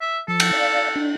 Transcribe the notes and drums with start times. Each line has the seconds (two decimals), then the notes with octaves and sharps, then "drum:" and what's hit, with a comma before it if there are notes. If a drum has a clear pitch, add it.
0.01 E5
0.28 F3 A4
0.40 drum: cymbal
0.53 D5 F5
0.96 D4